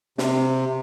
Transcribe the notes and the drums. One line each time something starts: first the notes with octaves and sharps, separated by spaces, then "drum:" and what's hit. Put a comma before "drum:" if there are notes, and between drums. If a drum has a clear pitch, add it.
C3, drum: snare